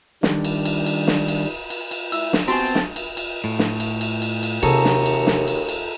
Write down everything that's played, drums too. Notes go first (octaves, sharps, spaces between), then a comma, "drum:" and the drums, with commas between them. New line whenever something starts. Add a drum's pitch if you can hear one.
D#3 G3 D4, drum: snare
drum: cymbal
drum: cymbal
drum: cymbal
drum: snare
drum: cymbal
drum: cymbal
drum: cymbal
E4 E6, drum: cymbal
drum: snare
B3 C4 F#4 G4 G#5 A5
drum: snare
drum: cymbal
drum: cymbal
A2
drum: snare
drum: cymbal
drum: cymbal
drum: cymbal
drum: cymbal
D#2 C3 E3 F#4 G#4 A4 A#5, drum: cymbal
drum: snare
drum: cymbal
drum: snare
drum: cymbal
drum: cymbal